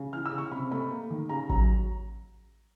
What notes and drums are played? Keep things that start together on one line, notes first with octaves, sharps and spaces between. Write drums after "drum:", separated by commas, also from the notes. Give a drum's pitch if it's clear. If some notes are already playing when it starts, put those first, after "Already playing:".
Already playing: C#3
E3 F6
E6
C#3
C#6
C3 B5
A3 B5
A#3
D#3
C#3 A#5
F#3 A#5, drum: kick A1